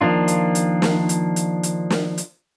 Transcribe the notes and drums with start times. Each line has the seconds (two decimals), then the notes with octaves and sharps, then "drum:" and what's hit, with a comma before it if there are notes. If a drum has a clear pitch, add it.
0.01 D#3 F3 A#3 D4 F4
0.28 drum: hi-hat
0.55 drum: hi-hat
0.82 drum: snare
1.09 drum: hi-hat
1.36 drum: hi-hat
1.63 drum: hi-hat
1.90 drum: snare
2.18 drum: hi-hat